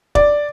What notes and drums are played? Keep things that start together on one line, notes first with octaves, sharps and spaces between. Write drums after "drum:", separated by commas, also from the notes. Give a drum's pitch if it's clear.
D5, drum: kick